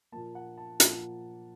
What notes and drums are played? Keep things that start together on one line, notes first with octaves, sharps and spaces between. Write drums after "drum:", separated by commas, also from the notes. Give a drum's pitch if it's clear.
A#2 F3 A#3 A5
F#5
A5
A#2 F3 A#3, drum: hi-hat